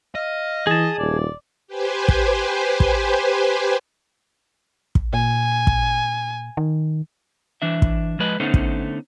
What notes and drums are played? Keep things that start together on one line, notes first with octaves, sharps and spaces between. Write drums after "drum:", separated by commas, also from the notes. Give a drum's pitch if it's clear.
D#5 F5
E3 G#4 A5 D#6
D#1 D5
G4 B4 C5 G#5
drum: kick
drum: kick
drum: kick
A#2 G#5
drum: kick
D#3
E3 D4 E5
drum: kick
F3 G#3 B4 D#5
D3 A3 B3 C#4 D#4 C5
drum: kick